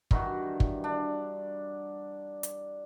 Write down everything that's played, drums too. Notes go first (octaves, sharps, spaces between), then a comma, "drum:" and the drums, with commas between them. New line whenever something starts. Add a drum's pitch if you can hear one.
G2 D#3 E3 F#4, drum: kick
drum: kick
D4
drum: hi-hat